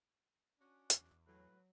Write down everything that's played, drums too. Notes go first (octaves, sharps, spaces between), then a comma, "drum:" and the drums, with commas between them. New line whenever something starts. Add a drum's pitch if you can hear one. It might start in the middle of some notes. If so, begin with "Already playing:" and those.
C#4 D4 F#4
E2, drum: hi-hat
A2 F#3 B4